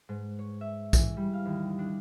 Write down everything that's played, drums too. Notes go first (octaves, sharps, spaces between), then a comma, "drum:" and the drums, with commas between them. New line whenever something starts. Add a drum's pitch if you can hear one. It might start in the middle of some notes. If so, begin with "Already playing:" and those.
G#2
C#5
E5
E3, drum: kick, tambourine
G3
F5
D#2
D4